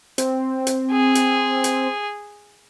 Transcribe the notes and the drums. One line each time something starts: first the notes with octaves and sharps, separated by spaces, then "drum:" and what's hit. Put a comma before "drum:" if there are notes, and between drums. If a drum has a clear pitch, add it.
C4, drum: hi-hat
drum: hi-hat
G#4
drum: hi-hat
drum: hi-hat